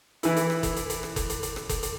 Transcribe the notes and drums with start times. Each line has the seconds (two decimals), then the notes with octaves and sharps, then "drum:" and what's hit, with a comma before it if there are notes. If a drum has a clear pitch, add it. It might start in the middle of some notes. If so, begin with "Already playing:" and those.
0.23 E3 E4, drum: hi-hat
0.36 drum: hi-hat
0.50 drum: rim click
0.63 drum: kick F#1, hi-hat
0.76 drum: hi-hat
0.90 drum: hi-hat
1.03 drum: rim click
1.16 drum: kick F#1, hi-hat
1.30 drum: hi-hat
1.43 drum: hi-hat
1.56 drum: rim click
1.69 drum: kick F#1, hi-hat
1.83 drum: hi-hat